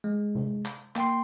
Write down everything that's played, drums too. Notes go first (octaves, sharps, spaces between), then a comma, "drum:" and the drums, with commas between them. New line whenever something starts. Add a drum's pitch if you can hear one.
G#3
drum: tom
drum: clap
A#3 G5 C6, drum: clap